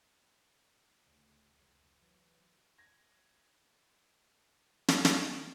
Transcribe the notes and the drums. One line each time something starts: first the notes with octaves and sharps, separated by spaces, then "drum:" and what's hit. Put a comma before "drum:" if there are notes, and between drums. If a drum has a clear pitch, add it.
D2 C#3
F1 C#2
E3 F#3
G#6 A#6
drum: snare
drum: snare